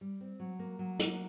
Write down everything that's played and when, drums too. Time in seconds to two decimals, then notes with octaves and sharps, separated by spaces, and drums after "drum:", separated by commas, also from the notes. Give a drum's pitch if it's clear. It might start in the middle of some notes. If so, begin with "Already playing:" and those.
0.01 G3
0.20 C4
0.40 F#3
0.59 A#3
0.79 F#3
0.99 A#3, drum: hi-hat